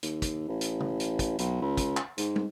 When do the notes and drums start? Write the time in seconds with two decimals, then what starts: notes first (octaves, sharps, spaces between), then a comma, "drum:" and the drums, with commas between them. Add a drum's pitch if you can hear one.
0.03 D#2, drum: hi-hat
0.22 drum: kick, hi-hat
0.48 A1
0.61 drum: hi-hat
0.80 drum: tom C#3
1.00 drum: hi-hat
1.19 drum: kick, hi-hat
1.39 B1, drum: hi-hat
1.62 C#2
1.77 drum: kick, hi-hat
1.97 drum: clap
2.18 G#2, drum: hi-hat
2.36 drum: tom